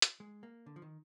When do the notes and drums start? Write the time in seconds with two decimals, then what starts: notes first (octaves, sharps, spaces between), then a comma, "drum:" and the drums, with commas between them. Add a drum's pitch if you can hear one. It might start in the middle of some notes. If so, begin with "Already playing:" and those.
0.02 drum: hi-hat
0.20 G#3
0.43 A#3
0.66 D3
0.76 F3
0.82 D#3